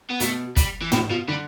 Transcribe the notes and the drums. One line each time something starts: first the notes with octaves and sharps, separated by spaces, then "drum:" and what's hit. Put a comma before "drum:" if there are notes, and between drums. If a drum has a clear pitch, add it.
B3
B2 A3, drum: hi-hat
G3, drum: kick, hi-hat
E3
A2 F3, drum: tom
B2 F3
D3 G3